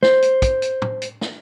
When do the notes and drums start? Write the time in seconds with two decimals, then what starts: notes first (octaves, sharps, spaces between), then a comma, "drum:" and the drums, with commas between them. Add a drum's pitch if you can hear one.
0.03 C5, drum: snare
0.22 drum: hi-hat
0.42 drum: kick, hi-hat
0.62 drum: hi-hat
0.82 drum: tom
1.02 drum: hi-hat
1.21 drum: snare